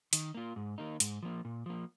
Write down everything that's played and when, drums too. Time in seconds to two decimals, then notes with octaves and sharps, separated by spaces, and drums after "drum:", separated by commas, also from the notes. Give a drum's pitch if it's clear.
0.13 D#3, drum: hi-hat
0.35 A#3 F4
0.56 G#2
0.78 D#3 A#3 D#4
1.00 G#2, drum: hi-hat
1.23 F3 A#3
1.45 A#2
1.66 F3 A#3